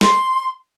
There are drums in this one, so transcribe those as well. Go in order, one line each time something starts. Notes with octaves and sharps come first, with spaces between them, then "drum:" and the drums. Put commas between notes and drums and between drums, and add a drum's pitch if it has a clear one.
C6, drum: snare